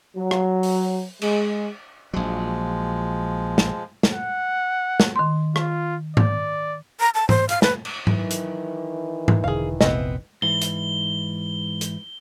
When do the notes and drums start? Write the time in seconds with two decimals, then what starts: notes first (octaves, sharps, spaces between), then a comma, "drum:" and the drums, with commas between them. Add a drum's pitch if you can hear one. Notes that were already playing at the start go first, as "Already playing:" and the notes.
0.17 F#3
0.31 drum: rim click
0.63 drum: open hi-hat
1.22 G#3, drum: cymbal
2.14 A#1 F3 F#3 G#3
3.58 drum: snare
4.03 drum: snare
4.14 F#5
5.00 drum: snare
5.16 D#3 C6
5.56 F4, drum: rim click
6.17 D5, drum: tom G#2
7.00 A#5
7.14 A5
7.29 C5, drum: tom G#2
7.49 F5, drum: hi-hat
7.62 B4, drum: snare
7.85 drum: cymbal
8.07 D#3 E3 F#3, drum: tom G#2
8.31 drum: hi-hat
9.28 drum: tom G#2
9.44 E1 D3 G#4 F5
9.81 F1 A#1 C3 B3 C4 D#5, drum: snare
10.42 G#2 E3 G7
10.62 drum: hi-hat
11.81 drum: hi-hat